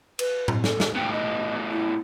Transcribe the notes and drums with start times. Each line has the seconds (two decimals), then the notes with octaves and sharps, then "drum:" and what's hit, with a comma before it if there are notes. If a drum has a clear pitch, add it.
0.19 B4, drum: cymbal
0.48 drum: tom A2
0.64 A4, drum: snare
0.80 drum: snare
0.96 A2 B3 G5
1.12 D#5
1.71 E4